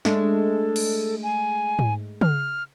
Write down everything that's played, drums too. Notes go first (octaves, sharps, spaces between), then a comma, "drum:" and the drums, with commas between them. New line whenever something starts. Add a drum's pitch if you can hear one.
G#3 A3 D4 A4, drum: snare
drum: cymbal
G#5
drum: tom G#2
F6, drum: tom